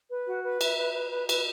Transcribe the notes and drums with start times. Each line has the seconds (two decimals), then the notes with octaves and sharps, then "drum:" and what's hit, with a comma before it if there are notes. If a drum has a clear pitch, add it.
0.10 B4
0.27 F#4
0.44 B4
0.61 E5, drum: cymbal
0.78 B4
0.95 B4
1.11 B4
1.29 B4, drum: cymbal